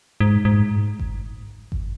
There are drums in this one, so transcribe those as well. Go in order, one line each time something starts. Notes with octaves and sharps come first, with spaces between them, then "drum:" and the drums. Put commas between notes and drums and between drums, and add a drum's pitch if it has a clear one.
G#2
G#2
drum: kick G1
drum: kick G1